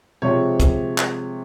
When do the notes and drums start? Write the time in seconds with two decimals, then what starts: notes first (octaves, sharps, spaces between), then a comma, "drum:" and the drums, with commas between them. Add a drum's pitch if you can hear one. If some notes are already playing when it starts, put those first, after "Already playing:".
0.22 C3 F3 G#3 C#5
0.60 drum: kick, hi-hat
0.98 drum: clap